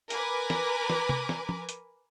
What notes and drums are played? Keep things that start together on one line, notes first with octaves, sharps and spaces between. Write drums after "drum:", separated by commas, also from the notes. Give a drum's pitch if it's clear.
A#4 B4 G#5 D6, drum: hi-hat
drum: snare
drum: snare
drum: tom
drum: snare
drum: tom
drum: hi-hat